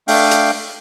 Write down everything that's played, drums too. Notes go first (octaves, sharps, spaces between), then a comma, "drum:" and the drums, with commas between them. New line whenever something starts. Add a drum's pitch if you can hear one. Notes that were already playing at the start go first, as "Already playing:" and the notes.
A3 D4 F5 G5, drum: open hi-hat
drum: hi-hat